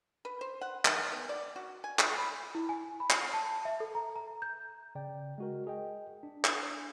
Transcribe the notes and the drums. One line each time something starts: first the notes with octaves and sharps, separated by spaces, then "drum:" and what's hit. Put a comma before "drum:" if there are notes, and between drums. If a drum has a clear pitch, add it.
B4
C5
F#5
D#3, drum: clap
B3
D5
F#4
G#5
drum: clap
B5
E4
G#5
B5
drum: clap
A5
E5
A4
A#5
A#5
G6
C#3 D5 G5
G#3 F#4 A#4
G#4 D#5 G5
D4
drum: clap